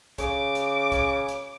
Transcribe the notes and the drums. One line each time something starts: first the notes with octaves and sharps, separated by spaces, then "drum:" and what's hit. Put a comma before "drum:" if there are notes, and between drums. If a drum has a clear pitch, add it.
C#3 D6, drum: kick, hi-hat
drum: hi-hat
drum: kick, hi-hat
drum: hi-hat